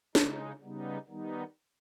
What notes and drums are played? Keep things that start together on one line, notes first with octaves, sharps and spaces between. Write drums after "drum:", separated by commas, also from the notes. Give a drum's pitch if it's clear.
C#3 G#3 D#4, drum: snare
C#3 G3 B3 D#4
D#3 G3 B3 D#4